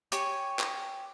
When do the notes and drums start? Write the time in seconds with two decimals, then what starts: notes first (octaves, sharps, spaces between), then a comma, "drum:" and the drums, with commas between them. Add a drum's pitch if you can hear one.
0.12 G4 C#5 G#5 C#6, drum: hi-hat
0.59 drum: clap